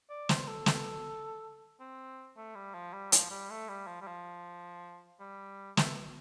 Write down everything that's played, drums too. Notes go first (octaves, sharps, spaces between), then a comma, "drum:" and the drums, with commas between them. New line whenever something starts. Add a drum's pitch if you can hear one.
D5
C5, drum: snare
A4
drum: snare
C4
A3
G3
F3
G3
F3, drum: hi-hat
G3
A3
G3
F3
G3
F3
G3
A3, drum: snare